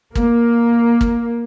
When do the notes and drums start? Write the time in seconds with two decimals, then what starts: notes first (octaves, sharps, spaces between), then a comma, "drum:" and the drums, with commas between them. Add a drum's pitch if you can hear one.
0.15 A#3, drum: kick
1.01 drum: kick